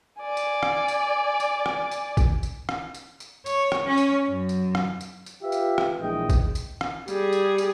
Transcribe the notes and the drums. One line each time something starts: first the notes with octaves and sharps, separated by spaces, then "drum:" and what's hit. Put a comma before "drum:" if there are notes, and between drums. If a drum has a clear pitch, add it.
D5 G#5
drum: tambourine
drum: rim click
drum: tambourine
drum: tambourine
drum: rim click
drum: tambourine
drum: kick, tambourine
drum: tambourine
drum: rim click
drum: tambourine
drum: tambourine
C#5, drum: tambourine
drum: rim click
C#4
drum: tambourine
F#2
drum: tambourine
drum: rim click
drum: tambourine
drum: tambourine
F4 G4 B4 E5 F5
drum: tambourine
drum: rim click
A#1 E3 G#3 D#5 G5
drum: kick, tambourine
drum: tambourine
drum: rim click
G3 G#4, drum: tambourine
drum: tambourine
drum: tambourine